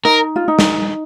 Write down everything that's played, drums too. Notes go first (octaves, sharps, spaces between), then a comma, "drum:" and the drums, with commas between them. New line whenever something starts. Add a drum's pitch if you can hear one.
D#4 A#4
F4
D#4
drum: snare